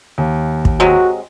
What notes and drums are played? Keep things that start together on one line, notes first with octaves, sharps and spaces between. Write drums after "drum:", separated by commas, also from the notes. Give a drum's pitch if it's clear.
D#2
drum: kick
C3 F#3 G#3 F#4